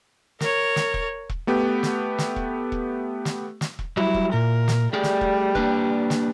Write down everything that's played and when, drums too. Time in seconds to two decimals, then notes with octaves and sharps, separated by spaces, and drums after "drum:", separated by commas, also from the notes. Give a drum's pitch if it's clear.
0.40 A#4 C#5, drum: snare
0.76 drum: snare
0.94 drum: kick E1
1.29 drum: kick E1
1.47 A3 B3 G4
1.83 drum: snare
2.18 drum: snare
2.36 drum: kick E1
2.72 drum: kick E1
3.25 drum: snare
3.61 drum: snare
3.79 drum: kick E1
3.97 F#3 G3 E4
4.14 drum: kick E1
4.33 A#2 A#4
4.68 drum: snare
4.93 G3 A3 G#4 D5
5.03 drum: snare
5.21 drum: kick E1
5.55 A#3 D4 B4, drum: kick E1
6.10 drum: snare